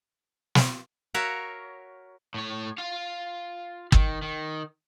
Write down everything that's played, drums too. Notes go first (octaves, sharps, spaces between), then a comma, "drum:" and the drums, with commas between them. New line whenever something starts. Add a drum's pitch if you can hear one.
drum: snare
F#4 A#4 C#5 E5 F5
A2 C#5
F4 F5
D#3, drum: kick G1
D#3